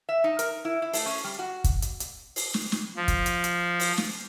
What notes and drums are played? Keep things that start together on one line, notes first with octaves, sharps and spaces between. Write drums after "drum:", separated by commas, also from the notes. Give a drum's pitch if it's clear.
E5
D#4
A#4, drum: hi-hat
E4
E4
A3, drum: open hi-hat
C#4
G3
F#4
drum: kick, hi-hat
drum: hi-hat
drum: hi-hat
drum: open hi-hat
drum: snare
drum: snare
F3
drum: kick, hi-hat
drum: hi-hat
drum: hi-hat
drum: open hi-hat
drum: snare